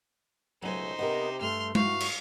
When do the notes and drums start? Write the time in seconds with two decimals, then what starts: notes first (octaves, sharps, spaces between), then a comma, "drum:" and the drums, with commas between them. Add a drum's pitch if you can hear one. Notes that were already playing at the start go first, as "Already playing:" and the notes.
0.62 C#2 B2 F#3 A3 D#4 C5 G#5
0.99 C3 B3 C#4 G4 A#4 D#5
1.41 G2 A3 C6 F6
1.75 E4 F#4 F5 C#6, drum: tom G#3
2.00 drum: cymbal